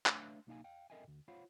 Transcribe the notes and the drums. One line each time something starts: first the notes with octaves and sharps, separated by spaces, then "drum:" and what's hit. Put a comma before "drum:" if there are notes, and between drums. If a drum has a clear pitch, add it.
A3 D4 B4 C#5 E5 F5, drum: clap
B1 A#3 D#4 F5 G#5
F5 G5
A4 A#4 D#5 E5 G5 G#5
D2 G2
F4 C5 C#5 F5 F#5 B5